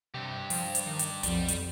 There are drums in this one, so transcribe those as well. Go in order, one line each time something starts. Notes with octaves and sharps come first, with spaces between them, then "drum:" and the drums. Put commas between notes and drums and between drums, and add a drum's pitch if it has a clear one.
G2 C3 G4
F3, drum: open hi-hat
drum: hi-hat
D#3
drum: hi-hat
B1 F2 G3, drum: hi-hat
drum: hi-hat